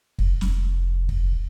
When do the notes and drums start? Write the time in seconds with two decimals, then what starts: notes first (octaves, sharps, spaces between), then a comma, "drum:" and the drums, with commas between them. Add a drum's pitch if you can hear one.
0.19 F1, drum: kick
0.41 drum: snare
1.09 drum: kick